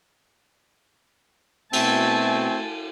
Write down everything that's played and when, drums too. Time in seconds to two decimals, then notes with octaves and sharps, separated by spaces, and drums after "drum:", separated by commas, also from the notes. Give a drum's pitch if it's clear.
1.73 B2 A3 C4 E5 G#5 A5, drum: cymbal